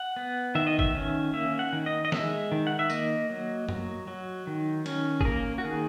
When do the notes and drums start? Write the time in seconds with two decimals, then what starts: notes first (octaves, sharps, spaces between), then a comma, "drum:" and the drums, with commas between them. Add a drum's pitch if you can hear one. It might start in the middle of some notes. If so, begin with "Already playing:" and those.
Already playing: F#5
0.16 B3
0.55 D#3 E5
0.67 D#5
0.79 E5, drum: kick
0.95 C#4
1.33 A#3 E5
1.59 F#5
1.73 D#3
1.86 D#5
2.05 D#5
2.12 G#3 E5, drum: snare
2.52 D#3
2.67 F#5
2.79 E5
2.90 A#3 D#5, drum: tambourine
3.30 F#3
3.69 F#3, drum: tom F#2
4.07 F#3
4.47 D#3
4.86 C#4, drum: cymbal
5.21 G#4, drum: kick
5.25 A#3 A#4
5.58 F#4
5.64 D#3 G#4